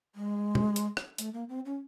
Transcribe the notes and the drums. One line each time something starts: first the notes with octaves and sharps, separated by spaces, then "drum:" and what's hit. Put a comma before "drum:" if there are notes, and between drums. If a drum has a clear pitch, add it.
G#3
drum: tom
drum: hi-hat
drum: rim click
A3, drum: hi-hat
A#3
C4
C#4